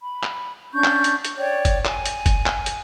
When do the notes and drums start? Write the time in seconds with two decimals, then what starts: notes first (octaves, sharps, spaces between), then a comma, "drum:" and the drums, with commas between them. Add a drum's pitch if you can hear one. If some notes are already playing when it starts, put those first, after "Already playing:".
0.01 B5
0.23 drum: clap
0.73 C#4 D4 C#6 G6
0.84 drum: clap
1.04 drum: hi-hat
1.25 drum: hi-hat
1.38 C#5 D5 G5
1.65 drum: kick F#1, hi-hat
1.85 G#5, drum: clap
2.06 drum: hi-hat
2.26 drum: kick F#1, hi-hat
2.46 drum: clap
2.66 drum: hi-hat